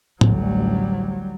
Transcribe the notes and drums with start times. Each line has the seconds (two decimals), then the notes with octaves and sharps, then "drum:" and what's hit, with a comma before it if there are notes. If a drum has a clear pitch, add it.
0.21 A1 D2 F#3 G3, drum: tom A2